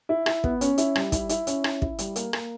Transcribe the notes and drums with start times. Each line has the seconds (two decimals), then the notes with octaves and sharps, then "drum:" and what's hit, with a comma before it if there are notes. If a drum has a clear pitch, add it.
0.09 E4
0.26 E4, drum: rim click
0.44 B3, drum: kick
0.61 C#4, drum: hi-hat
0.78 E4, drum: hi-hat
0.96 G3, drum: rim click
1.12 E4, drum: kick, hi-hat
1.29 E4, drum: hi-hat
1.47 C#4, drum: hi-hat
1.64 E4, drum: rim click
1.82 E4, drum: kick
1.99 G3, drum: hi-hat
2.16 A#3, drum: hi-hat
2.33 A#3, drum: rim click